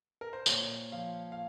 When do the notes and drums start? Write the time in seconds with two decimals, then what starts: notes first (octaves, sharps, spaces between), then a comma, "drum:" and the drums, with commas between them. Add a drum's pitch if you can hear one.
0.21 A#4
0.33 C5
0.46 A#2 C#5, drum: tambourine
0.92 F3 F5
1.32 F5